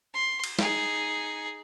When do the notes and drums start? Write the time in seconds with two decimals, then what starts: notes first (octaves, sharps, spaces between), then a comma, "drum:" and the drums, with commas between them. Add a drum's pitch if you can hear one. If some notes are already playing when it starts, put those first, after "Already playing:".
0.14 C6
0.44 drum: cymbal
0.59 D#4 G#4, drum: snare